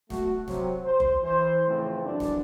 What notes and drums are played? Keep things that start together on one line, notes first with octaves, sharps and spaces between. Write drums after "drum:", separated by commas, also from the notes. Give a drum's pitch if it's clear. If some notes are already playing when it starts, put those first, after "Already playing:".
A3 F#4, drum: snare
C3 F#3, drum: snare
C5
drum: kick F#1
E3 C5
A2 C#3 E3 F3 A3 C4
F#2 D3 E3 D4
drum: snare